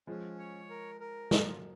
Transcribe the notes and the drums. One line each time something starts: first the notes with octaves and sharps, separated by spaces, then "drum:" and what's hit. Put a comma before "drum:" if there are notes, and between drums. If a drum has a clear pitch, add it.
F3 G#3 C#4
C#5
A#4
A#4
F#3 A#3 F4, drum: snare